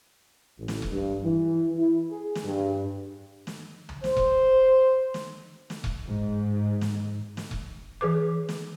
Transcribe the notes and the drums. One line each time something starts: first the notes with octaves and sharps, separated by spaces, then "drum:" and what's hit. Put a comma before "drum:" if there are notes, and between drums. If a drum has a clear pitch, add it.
A1
drum: snare
drum: kick E1
G2
E3
E4
G#4
drum: snare
G2
drum: snare
drum: tom
C5, drum: snare
drum: kick E1
drum: snare
drum: snare
drum: kick E1
G#2
drum: snare
drum: snare
drum: kick E1
E3 G#4 B4 D6
drum: snare